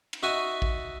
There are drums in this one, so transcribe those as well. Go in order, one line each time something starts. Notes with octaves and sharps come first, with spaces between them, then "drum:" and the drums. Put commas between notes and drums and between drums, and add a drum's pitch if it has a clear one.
drum: cymbal
D#4 F#4 E5 G#5
drum: kick A1